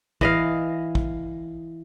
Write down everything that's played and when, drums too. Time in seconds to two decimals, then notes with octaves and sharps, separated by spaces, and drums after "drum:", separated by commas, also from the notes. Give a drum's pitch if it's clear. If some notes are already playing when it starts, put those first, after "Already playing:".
0.21 E3 D#5 F5, drum: kick
0.95 drum: kick